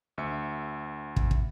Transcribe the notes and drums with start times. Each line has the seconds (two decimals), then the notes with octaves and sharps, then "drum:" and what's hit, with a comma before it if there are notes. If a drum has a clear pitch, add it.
0.18 D2 E5 C#7
1.17 drum: kick
1.31 drum: kick